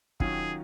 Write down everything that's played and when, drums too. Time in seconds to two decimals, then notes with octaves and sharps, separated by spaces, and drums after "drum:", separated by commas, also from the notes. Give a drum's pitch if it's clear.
0.20 D#2 D#3 F#3 C#4 F4 G#4, drum: kick